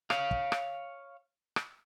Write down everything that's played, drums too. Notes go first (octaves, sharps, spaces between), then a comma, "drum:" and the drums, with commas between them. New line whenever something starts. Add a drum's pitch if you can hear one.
C#5 F5, drum: rim click
drum: kick
drum: rim click
drum: rim click